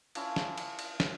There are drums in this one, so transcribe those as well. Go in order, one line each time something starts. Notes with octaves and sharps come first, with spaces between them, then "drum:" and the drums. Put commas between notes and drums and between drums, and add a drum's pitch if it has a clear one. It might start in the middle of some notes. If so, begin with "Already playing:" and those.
F3 C#4 E4, drum: cymbal
drum: snare
drum: cymbal
drum: cymbal
drum: snare